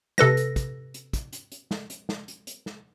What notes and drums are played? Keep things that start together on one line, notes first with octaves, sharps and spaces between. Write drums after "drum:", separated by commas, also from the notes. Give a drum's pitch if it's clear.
C3 A4 B4 A#6, drum: snare
drum: hi-hat
drum: kick, hi-hat
drum: hi-hat
drum: kick, hi-hat
drum: hi-hat
drum: hi-hat
drum: snare
drum: hi-hat
drum: snare
drum: hi-hat
drum: hi-hat
drum: snare